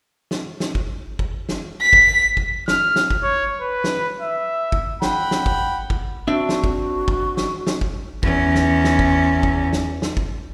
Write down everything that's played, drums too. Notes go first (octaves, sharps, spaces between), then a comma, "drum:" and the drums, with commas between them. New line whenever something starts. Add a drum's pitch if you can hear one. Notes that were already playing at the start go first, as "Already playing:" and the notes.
drum: snare
drum: snare
drum: kick
drum: kick
drum: snare
B6
drum: kick
drum: kick
F6, drum: snare
drum: snare
drum: kick
C#5
B4
drum: snare
E5
drum: kick
F#5 G5 B5, drum: snare
drum: snare
drum: kick
drum: kick
C4 D4 F#4 E5
drum: snare
drum: kick
drum: kick
drum: snare
drum: snare
drum: kick
E2 C#4, drum: kick
drum: snare
drum: snare
drum: kick
drum: kick
drum: snare
drum: snare
drum: kick